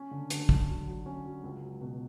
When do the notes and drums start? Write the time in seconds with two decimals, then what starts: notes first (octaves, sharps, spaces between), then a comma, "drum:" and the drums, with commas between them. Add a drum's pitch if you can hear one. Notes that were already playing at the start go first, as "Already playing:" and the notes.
Already playing: C#4
0.11 D3
0.30 D3, drum: hi-hat
0.49 D3, drum: kick
0.69 F#3
0.87 F#3
1.06 C#4
1.26 F#3
1.43 C#2
1.63 F#3
1.81 B2